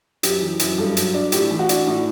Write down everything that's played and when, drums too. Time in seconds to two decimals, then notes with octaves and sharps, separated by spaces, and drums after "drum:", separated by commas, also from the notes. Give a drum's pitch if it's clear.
0.23 F#2 G4, drum: hi-hat
0.41 E3
0.59 F#2, drum: hi-hat
0.78 G2 A4
0.97 F#3, drum: hi-hat
1.14 D4
1.32 A2 G4, drum: hi-hat
1.51 E3
1.59 F#4
1.69 D4, drum: hi-hat
1.87 A2